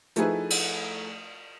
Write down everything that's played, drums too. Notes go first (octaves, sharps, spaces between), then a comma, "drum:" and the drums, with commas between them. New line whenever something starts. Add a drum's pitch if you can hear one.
F3 A3 D#4 E4 G#4 B4, drum: hi-hat
drum: cymbal